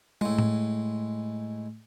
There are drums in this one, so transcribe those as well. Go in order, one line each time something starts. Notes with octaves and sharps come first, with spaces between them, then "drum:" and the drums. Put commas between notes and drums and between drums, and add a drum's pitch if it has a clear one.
A2 G#3, drum: tom
drum: tom A2